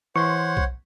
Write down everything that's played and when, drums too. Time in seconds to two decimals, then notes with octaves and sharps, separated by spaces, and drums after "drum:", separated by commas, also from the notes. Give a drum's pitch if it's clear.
0.16 E3 C5 C#5 F#5 C6 C#6
0.57 drum: kick B1